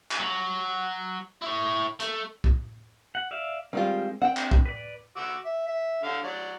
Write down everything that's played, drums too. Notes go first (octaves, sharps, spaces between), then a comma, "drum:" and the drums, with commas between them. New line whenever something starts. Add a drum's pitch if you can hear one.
drum: clap
F#3
E4 C#5
A3, drum: hi-hat
drum: kick
F#5
D5 E5 F5
D#3 G3 G#3 C4 F4
C4 D4 F#5 G5
drum: clap
drum: kick
B4 D5
F#4 D6 E6
E5
E5
D3 F5
F#3 D5